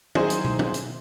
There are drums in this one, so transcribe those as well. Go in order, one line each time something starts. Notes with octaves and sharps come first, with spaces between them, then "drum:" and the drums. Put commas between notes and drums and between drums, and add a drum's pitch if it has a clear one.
D#3 F#3 E4 G#4 C5, drum: tom
drum: hi-hat
drum: tom
drum: tom
drum: hi-hat